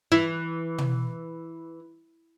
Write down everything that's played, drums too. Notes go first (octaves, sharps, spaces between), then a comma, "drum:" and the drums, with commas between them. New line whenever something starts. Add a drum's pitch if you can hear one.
E3 E4
drum: tom